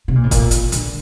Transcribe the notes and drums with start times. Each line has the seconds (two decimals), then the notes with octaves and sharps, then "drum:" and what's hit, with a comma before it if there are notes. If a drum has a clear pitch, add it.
0.08 C3
0.15 A#2
0.24 A2
0.31 A#2, drum: kick, hi-hat
0.51 drum: hi-hat
0.72 D3, drum: hi-hat